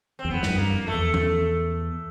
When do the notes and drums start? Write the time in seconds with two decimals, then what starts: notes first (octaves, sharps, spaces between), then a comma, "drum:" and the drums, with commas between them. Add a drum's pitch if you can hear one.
0.19 C4
0.25 E2
0.30 F2 B3
0.43 F#2, drum: snare
0.51 G2
0.58 A#3
0.73 F2
0.87 A3
0.94 E2
1.14 drum: tom